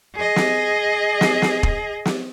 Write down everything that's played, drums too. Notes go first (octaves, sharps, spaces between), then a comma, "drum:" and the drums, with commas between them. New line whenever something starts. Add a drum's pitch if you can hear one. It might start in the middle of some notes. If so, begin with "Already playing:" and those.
G#4 D#5
drum: snare
drum: snare
drum: snare
drum: kick
drum: snare